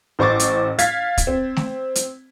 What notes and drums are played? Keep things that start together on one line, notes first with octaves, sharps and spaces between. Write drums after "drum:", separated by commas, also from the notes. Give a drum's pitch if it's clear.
A1 C5 C#6 D6 A6
drum: hi-hat
F5 G#6 A6 B6, drum: hi-hat
drum: kick, hi-hat
C4
drum: snare A3
drum: hi-hat